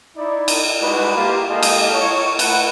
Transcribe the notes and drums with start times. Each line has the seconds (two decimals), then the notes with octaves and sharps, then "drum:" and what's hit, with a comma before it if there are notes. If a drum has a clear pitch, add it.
0.18 D#4 E4 D5
0.48 drum: cymbal
0.83 G3 G#3 D#4 F#4 B4
1.16 A#3 F4 G4
1.50 G#3 A#3 G4 A4 D#5 F5
1.63 drum: cymbal
1.93 C#5
2.39 A3 B4 F#5, drum: cymbal